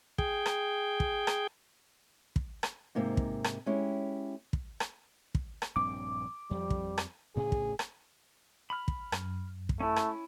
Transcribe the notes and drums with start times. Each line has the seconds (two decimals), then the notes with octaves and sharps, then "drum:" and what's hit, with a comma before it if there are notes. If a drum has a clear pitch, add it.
0.18 G#4 G5, drum: kick
0.46 drum: rim click
1.00 drum: kick
1.27 drum: rim click
2.36 drum: kick
2.63 drum: rim click
2.95 G#2 C3 A#3 D#4
3.17 drum: kick
3.44 drum: rim click
3.66 G#3 C#4 E4 G4
4.53 drum: kick
4.80 drum: rim click
5.35 drum: kick
5.62 drum: rim click
5.76 A#1 G2 C4 D6
6.51 F2 F3 G3
6.70 drum: kick
6.98 drum: rim click
7.36 D2 A2 C#3 G#4
7.52 drum: kick
7.79 drum: rim click
8.70 B5 F6
8.88 drum: kick
9.12 F#2, drum: rim click
9.69 drum: kick
9.80 A3 C#4 E4
9.96 drum: rim click